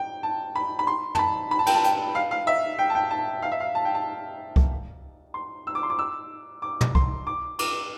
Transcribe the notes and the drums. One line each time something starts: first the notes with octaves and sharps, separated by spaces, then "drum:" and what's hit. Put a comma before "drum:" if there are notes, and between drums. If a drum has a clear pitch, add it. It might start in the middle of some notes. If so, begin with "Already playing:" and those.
Already playing: G5
A5
B5
B5
C6
A5, drum: tom
B5
B5
A5
G5, drum: cymbal
A5
G5, drum: hi-hat
F5
F5
E5
G5
A5
G5
A5
F5
E5
F5
A5
G5
A5
drum: kick C2
C6
E6
D6
C6
D6
E6
D6
drum: tom
C6, drum: kick C2
D6
D6, drum: cymbal